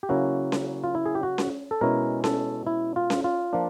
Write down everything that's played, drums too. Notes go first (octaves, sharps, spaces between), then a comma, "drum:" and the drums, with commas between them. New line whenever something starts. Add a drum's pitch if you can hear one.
G4
C#3 F#3 A#3 C#4 E4 F#4
drum: snare C#4
F4
E4
G#4
G4
F#4
drum: snare C#4
A4
B2 G#3 C#4 E4 A#4
A4, drum: snare C#4
E4
F4
drum: snare C#4
F4
F3 A#3 D4